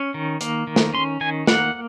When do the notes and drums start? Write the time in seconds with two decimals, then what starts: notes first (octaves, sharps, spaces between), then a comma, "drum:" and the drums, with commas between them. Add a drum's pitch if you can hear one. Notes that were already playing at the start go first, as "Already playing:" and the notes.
Already playing: C#4
0.14 D#3
0.41 A#3, drum: hi-hat
0.67 D#3
0.76 drum: snare
0.94 C#4 C6
1.21 D#3 G#5
1.47 A#3 F#5, drum: snare